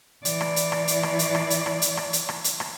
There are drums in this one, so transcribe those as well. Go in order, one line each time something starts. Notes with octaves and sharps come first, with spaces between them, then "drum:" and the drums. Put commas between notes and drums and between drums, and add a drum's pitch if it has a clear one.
E3 D5, drum: hi-hat
drum: rim click
drum: hi-hat
drum: rim click
drum: hi-hat
drum: rim click
drum: hi-hat
drum: rim click
drum: hi-hat
drum: rim click
drum: hi-hat
drum: rim click
drum: hi-hat
drum: rim click
drum: hi-hat
drum: rim click